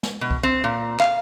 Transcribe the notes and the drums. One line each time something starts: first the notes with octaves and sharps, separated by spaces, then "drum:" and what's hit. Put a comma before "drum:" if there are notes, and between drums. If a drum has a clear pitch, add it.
drum: snare
B2
drum: kick C2
C4
A#2
F5, drum: clap